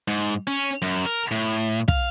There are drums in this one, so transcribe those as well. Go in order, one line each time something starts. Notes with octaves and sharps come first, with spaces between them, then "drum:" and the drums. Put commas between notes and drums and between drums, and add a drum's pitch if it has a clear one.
G#2
C#4
F#2
A#4
A2
F5, drum: kick